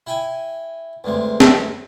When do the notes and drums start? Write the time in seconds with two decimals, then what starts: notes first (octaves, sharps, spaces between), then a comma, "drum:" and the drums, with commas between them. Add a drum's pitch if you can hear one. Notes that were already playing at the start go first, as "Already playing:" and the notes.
0.07 E4 G5 G#5
1.04 D2 G2 C3 G#3
1.40 drum: snare